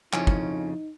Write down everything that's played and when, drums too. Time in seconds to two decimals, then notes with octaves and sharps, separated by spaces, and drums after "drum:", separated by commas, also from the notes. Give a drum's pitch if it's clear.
0.13 F2 G#2 C#3 F3 C#4 D#4 E4, drum: clap
0.27 drum: kick